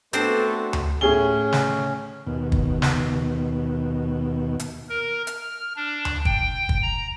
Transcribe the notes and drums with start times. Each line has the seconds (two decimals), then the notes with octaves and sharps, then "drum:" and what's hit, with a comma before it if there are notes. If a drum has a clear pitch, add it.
0.13 A3 B3 C4 D4 F#4 A4 C5, drum: hi-hat
0.73 drum: tom D2
1.01 A2 C#4 G#4 G7
1.53 drum: snare
2.27 D#2 B2
2.52 drum: kick
2.82 drum: snare
4.60 drum: hi-hat
4.89 A#4
5.27 F6, drum: hi-hat
5.76 D4
6.05 drum: tom D2
6.25 G5, drum: kick
6.69 drum: kick
6.82 A#5